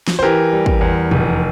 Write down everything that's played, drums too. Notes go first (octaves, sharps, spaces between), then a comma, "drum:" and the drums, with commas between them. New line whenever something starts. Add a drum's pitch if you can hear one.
drum: snare
C5
E3 G4 A#4
G3
drum: kick
E2
F1, drum: tom